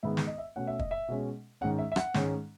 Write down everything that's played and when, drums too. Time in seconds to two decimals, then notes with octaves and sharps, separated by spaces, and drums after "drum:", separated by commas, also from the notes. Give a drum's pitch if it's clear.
0.03 G#2 D#3 G#3 B3 E5
0.17 drum: snare
0.27 D#5
0.38 E5
0.56 B2 A3 C#4 F#5
0.67 E5
0.79 D#5, drum: kick
0.91 E5
1.08 B2 G#3 C#4
1.61 G#2 D#3 G#3 C#4 F#5
1.79 E5
1.92 E5
1.96 F#5, drum: rim click
2.14 G#2 D#3 G#3 C#4, drum: snare